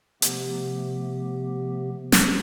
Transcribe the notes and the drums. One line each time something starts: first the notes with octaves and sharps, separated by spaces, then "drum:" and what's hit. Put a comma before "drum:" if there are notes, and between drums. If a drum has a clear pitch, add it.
C3 F3 A3 B3 G4, drum: hi-hat
drum: snare